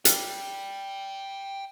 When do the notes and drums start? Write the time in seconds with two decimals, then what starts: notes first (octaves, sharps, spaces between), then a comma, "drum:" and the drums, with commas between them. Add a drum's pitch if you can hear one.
0.05 D5 G5, drum: hi-hat